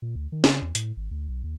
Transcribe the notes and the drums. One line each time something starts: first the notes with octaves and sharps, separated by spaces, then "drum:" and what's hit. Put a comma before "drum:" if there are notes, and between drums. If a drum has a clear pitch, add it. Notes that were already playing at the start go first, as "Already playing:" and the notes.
A#2
D2
D#3
C#3, drum: snare
E2
A2, drum: hi-hat
G#1
D2
B1
D#2